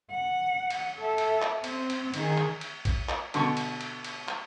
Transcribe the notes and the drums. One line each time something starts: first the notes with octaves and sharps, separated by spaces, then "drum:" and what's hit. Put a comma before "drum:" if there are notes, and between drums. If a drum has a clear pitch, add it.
F#5
drum: cymbal
A4 E5
drum: cymbal
drum: clap
C4, drum: cymbal
drum: cymbal
D#3 G#4, drum: cymbal
drum: clap
drum: cymbal
drum: kick A1, cymbal
drum: clap
B2 D3 C6 C#6, drum: cymbal
drum: cymbal
drum: cymbal
drum: cymbal
drum: clap